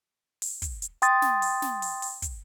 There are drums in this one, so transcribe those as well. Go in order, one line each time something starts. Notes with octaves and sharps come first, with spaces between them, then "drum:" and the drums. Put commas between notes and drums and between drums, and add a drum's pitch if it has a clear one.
drum: open hi-hat
drum: kick, hi-hat
drum: hi-hat
G5 C6 D#6 A6, drum: hi-hat
drum: snare
drum: open hi-hat
drum: snare
drum: open hi-hat
drum: open hi-hat
drum: kick, hi-hat